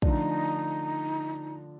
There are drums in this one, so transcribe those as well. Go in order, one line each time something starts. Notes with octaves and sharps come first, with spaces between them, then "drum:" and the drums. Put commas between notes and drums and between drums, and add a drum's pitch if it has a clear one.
D3 F3 A3 D4 D#4, drum: kick